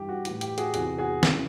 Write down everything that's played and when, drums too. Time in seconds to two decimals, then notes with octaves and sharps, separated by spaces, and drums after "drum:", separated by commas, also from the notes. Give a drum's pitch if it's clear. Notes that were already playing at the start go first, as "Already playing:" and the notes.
Already playing: G2 E3 G4
0.09 F#4
0.25 A2 E3 G4, drum: hi-hat
0.41 G4, drum: hi-hat
0.58 F#4 G#4, drum: hi-hat
0.74 E2 C3 E3 F#4 G#4, drum: hi-hat
0.98 F#4 G#4
1.23 C#3 E3, drum: snare